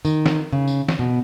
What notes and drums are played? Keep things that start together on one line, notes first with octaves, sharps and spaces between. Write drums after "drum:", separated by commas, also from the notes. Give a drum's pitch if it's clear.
D#3, drum: tambourine
drum: snare
C#3
drum: tambourine
drum: snare
B2